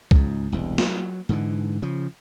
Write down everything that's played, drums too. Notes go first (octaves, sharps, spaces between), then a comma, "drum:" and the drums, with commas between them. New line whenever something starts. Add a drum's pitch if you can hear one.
C#2 G#2, drum: kick C2
E1 C2
F#3, drum: snare
G#2 D3 E3
C#3 F3